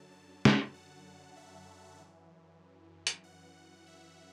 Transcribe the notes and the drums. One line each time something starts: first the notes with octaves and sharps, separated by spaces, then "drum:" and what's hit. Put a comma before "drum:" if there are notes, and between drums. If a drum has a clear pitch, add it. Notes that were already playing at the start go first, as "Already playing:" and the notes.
Already playing: F#2 D3 F#3 A5
A5
drum: snare
F#5
E5
F#2 E3
drum: hi-hat
F#5
E5